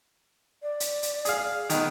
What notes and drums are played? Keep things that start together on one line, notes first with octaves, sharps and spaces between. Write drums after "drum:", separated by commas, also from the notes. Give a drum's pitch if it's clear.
D5
drum: hi-hat
drum: hi-hat
G#4 F5, drum: hi-hat
D#3 B3 D#5, drum: hi-hat